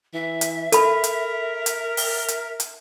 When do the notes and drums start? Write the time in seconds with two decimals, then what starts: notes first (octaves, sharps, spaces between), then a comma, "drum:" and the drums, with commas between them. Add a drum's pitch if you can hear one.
0.14 E3 E5
0.41 drum: hi-hat
0.72 A4 A#4 B5, drum: hi-hat
1.04 drum: hi-hat
1.66 drum: hi-hat
1.97 drum: open hi-hat
2.28 drum: hi-hat
2.60 drum: hi-hat